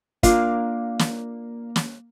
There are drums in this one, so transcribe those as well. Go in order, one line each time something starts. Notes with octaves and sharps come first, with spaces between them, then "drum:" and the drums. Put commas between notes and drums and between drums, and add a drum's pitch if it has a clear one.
A#3 D4 F4 F5, drum: kick, hi-hat
drum: snare
drum: snare